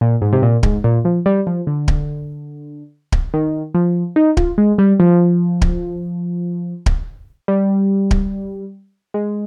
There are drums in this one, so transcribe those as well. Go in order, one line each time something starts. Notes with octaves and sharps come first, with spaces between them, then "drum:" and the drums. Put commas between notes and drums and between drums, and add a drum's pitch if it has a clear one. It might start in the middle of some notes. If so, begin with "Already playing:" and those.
A#2
G#2
C3
A#2
G#2, drum: kick D1
A#2
F3
G3
F3
D3
drum: kick D1
drum: kick D1
D#3
F3
D#4
F4, drum: kick D1
G#3
G3
F3
drum: kick D1
drum: kick D1
G3
drum: kick D1
G#3